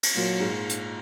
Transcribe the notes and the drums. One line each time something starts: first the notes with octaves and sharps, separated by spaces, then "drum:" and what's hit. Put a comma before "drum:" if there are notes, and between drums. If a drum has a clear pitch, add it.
drum: cymbal
A#2 F#3
G#2
drum: hi-hat